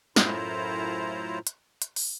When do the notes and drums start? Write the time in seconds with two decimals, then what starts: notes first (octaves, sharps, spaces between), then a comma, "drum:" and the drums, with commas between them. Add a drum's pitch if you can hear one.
0.16 F#2 A2 E4 F4 C5 A#5, drum: snare
1.47 drum: hi-hat
1.82 drum: hi-hat
1.96 drum: open hi-hat